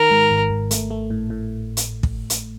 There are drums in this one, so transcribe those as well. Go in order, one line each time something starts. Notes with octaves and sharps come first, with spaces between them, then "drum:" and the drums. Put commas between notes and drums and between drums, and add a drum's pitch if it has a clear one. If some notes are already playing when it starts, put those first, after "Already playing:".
Already playing: D#3 A#4
G#2
G#1
G#1
A3, drum: hi-hat
A3
A2
A2
drum: hi-hat
drum: kick
drum: hi-hat